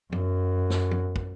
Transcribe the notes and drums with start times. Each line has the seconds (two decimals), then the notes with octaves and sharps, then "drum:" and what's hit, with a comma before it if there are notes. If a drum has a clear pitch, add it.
0.12 F#2, drum: tom
0.70 drum: snare
0.91 drum: tom
1.16 drum: kick